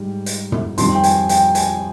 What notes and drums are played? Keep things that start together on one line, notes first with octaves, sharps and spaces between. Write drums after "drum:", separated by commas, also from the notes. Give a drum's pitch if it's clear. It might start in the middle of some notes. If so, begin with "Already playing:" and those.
Already playing: G#2 G3
drum: hi-hat
drum: tom
F2 D#3 G3 C4 C6, drum: hi-hat
G5
G#5, drum: hi-hat
G5, drum: hi-hat
G#5, drum: hi-hat